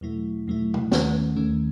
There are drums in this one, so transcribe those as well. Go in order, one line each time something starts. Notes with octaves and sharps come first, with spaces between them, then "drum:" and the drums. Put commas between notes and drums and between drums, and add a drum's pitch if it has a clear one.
E2 B2 F#3 A3 E4
E2 B2 F#3 A3 E4
drum: tom
D#2 D#3 A3 C#4, drum: snare
D#2 D#3 A3 C#4